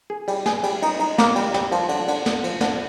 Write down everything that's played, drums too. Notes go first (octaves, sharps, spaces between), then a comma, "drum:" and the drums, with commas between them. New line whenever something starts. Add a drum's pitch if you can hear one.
G#4
G3, drum: cymbal
G#4, drum: snare
G3, drum: cymbal
D#4, drum: cymbal
D#4, drum: cymbal
A#3, drum: snare
G3, drum: cymbal
G3, drum: snare
F3, drum: cymbal
D3, drum: cymbal
D3, drum: cymbal
D3, drum: snare
F3, drum: cymbal
D3, drum: snare